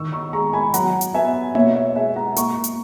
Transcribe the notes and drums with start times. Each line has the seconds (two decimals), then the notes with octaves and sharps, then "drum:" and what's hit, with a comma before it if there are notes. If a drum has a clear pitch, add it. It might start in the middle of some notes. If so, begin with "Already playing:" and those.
Already playing: D#3 C#6 E6
0.12 C#6 E6
0.33 G#3 A#5 C#6
0.53 G#5 B5
0.74 F#3 F#5 A#5, drum: hi-hat
1.01 drum: hi-hat
1.14 B3 E5 G#5
1.55 B2 C#5 E5, drum: tom A#3
1.75 C#5 E5
1.96 G#3 E5 G#5
2.16 F#5 A#5
2.36 A#3 A#5 C#6, drum: hi-hat
2.64 drum: hi-hat